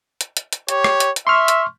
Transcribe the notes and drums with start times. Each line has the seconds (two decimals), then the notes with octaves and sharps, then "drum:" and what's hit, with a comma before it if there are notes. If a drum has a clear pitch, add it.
0.21 drum: hi-hat
0.37 drum: hi-hat
0.53 drum: hi-hat
0.69 G4 C#5, drum: hi-hat
0.84 drum: rim click
1.00 drum: hi-hat
1.16 drum: hi-hat
1.27 E5 C6 C#6 F6
1.48 drum: hi-hat